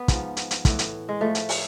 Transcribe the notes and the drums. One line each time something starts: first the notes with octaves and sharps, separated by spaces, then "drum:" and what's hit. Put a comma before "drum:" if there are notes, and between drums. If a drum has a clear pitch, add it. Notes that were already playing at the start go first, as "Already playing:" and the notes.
Already playing: B3
G#2 F3, drum: kick, hi-hat
drum: hi-hat
drum: hi-hat
A2 E3, drum: kick, hi-hat
drum: hi-hat
G#3
A2 F3 A3
drum: hi-hat
drum: open hi-hat